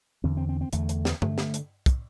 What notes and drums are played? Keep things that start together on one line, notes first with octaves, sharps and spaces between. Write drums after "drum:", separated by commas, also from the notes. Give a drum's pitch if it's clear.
E2 D3 C4
C4
C4
C4
E2 D3 A3, drum: hi-hat
drum: hi-hat
drum: snare
D3 A3, drum: tom G2
drum: snare
drum: hi-hat
drum: kick, hi-hat